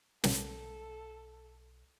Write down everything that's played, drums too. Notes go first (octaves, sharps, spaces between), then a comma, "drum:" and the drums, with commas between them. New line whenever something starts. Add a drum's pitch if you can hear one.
B1 A4, drum: snare